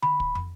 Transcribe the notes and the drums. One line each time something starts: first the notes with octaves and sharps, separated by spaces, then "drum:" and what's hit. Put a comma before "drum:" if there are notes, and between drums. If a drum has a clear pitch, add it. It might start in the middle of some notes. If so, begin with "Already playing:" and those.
B5, drum: tom D3
drum: kick
drum: tom